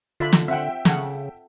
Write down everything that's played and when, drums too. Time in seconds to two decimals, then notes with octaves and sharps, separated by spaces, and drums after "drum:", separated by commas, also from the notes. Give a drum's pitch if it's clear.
0.20 D3 F4 E5 B5
0.33 drum: snare
0.48 C4 E5 F#5 G5
0.85 C#3 A4 F#5, drum: snare